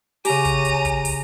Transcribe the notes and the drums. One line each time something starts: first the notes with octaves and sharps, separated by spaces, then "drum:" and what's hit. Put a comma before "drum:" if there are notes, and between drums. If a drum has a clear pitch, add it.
C#3 G4 G#5 A#5 D#7, drum: open hi-hat
drum: kick, hi-hat
drum: hi-hat
drum: kick, hi-hat
drum: open hi-hat